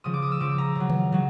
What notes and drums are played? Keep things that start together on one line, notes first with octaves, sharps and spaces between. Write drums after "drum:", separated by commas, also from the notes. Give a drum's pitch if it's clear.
C#3 F3 D#6
D6
D#6
E6
C#3 F3 D6
A#5
C#3 F#3
drum: tom D#3
C#3 F#3